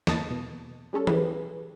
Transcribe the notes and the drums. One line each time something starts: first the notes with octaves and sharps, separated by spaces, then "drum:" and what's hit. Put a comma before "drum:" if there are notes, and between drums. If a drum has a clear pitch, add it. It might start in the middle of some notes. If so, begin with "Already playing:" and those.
G1 E2 E3 A#3 D#5 A5, drum: snare
B2
G3 G#3 C#4 A4
E3 G4 G#4 B4, drum: tom E3